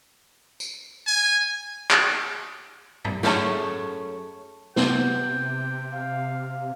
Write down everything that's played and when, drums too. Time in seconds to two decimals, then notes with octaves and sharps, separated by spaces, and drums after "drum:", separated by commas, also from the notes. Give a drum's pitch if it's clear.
0.60 drum: tambourine
1.07 G#5
1.91 drum: clap
3.05 drum: tom G#2
3.23 F#2 A3 C#4 G#4 C#5 A5, drum: snare
4.76 C3 B3 C5 G5, drum: snare
5.94 F5